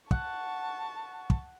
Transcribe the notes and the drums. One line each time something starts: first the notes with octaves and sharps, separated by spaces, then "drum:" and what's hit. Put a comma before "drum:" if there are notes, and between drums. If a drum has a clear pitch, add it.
F#5 A5 C#6, drum: kick
drum: kick